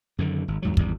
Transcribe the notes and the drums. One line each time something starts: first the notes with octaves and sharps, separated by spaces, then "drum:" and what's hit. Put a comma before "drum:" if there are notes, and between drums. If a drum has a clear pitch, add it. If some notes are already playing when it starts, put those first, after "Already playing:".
F#2 D3 D#3
G#1
E2 G#2 F#3
G#1 E2 G3, drum: kick